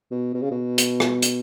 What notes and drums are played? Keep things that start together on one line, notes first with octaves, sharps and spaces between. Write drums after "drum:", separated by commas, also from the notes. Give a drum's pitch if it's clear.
B2
B2
C#3
B2
drum: hi-hat
drum: rim click
drum: hi-hat